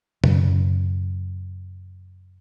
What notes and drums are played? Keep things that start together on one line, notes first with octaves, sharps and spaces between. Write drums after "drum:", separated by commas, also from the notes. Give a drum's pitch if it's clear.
F#2 C#3, drum: tom B2